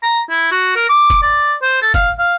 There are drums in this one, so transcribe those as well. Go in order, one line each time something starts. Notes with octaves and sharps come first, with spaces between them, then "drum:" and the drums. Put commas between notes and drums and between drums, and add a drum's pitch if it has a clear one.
A#5
E4
F#4
A#4
D6
drum: kick, hi-hat
D5
C5
A4
F5, drum: kick, hi-hat
F5